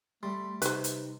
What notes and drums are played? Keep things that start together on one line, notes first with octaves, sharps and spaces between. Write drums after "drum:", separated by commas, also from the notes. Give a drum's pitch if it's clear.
G3 A3 C6
C3 D#4 B4 C5, drum: hi-hat
drum: hi-hat